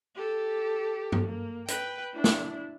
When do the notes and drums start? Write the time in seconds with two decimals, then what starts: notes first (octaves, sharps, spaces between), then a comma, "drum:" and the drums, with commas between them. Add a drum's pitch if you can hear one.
0.16 G4 A4
1.12 drum: tom
1.25 A#3
1.68 B4 G5, drum: hi-hat
2.14 D4 E4
2.24 drum: snare